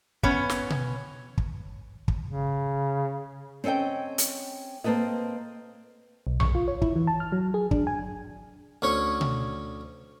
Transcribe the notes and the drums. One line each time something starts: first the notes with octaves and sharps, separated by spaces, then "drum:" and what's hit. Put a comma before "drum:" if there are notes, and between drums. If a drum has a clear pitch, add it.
B3 C#4 C#5, drum: kick
drum: snare
drum: tom B2
drum: kick
drum: kick
C#3
C4 C#4 A4 D#5 G5
drum: hi-hat
A#3 C4 A4 B4 D#5
B1
C#6, drum: tom A#1
F4
C#5
E4, drum: kick
E3
A5
F6
F#3
G#4
D4, drum: kick
G#5
D2 C#4 C#5
drum: tom B2